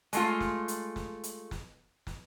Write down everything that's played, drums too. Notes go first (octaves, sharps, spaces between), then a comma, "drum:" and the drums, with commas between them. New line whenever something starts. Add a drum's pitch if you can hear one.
G#3 A3 F4, drum: hi-hat
drum: snare
drum: hi-hat
drum: snare
drum: hi-hat
drum: snare
drum: snare